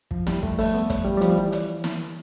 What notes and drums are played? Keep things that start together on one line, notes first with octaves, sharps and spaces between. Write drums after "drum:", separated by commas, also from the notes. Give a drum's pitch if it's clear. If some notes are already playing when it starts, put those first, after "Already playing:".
F3, drum: kick
G3, drum: snare
A3, drum: kick
A3, drum: open hi-hat
B3
drum: kick, hi-hat
G3
G3
F3, drum: hi-hat
E3
drum: hi-hat
drum: snare